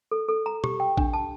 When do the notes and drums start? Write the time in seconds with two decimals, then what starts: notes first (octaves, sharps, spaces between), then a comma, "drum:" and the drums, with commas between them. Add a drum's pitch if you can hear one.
0.11 A4
0.28 A4
0.46 A#5
0.64 G4, drum: tom B2
0.80 G5
0.97 D4, drum: kick A#1
1.13 A5